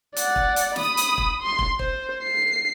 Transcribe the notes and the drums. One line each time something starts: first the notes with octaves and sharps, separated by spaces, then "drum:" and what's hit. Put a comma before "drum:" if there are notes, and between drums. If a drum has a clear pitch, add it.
D5 F#5, drum: hi-hat
drum: kick
drum: hi-hat
B5 D#6, drum: snare
drum: hi-hat
drum: kick
C6
drum: kick
C5, drum: kick
C7